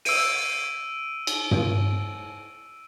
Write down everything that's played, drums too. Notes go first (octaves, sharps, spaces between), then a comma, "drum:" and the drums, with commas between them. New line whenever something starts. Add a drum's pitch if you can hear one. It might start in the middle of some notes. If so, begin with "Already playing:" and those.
E6 D7 D#7, drum: open hi-hat
drum: cymbal
drum: tom